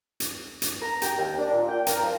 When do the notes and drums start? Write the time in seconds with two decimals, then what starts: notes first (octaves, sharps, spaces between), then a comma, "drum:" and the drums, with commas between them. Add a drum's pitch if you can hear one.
0.20 drum: hi-hat
0.62 drum: hi-hat
0.82 A#5
1.02 G5, drum: hi-hat
1.18 D#2
1.38 D4
1.52 A#2
1.69 G5
1.86 A#4, drum: hi-hat
2.03 F3